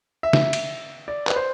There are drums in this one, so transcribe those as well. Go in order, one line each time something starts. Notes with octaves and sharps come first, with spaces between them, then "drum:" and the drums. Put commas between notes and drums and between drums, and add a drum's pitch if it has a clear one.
E5
drum: snare
drum: cymbal
D5
B4, drum: clap
C5